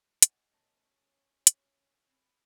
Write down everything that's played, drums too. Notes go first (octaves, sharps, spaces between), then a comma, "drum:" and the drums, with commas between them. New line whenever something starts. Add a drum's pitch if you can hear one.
C#5 D#5 F#5 G#5, drum: hi-hat
B2 A3 C#4 A#4
C#5
drum: hi-hat
C4 B5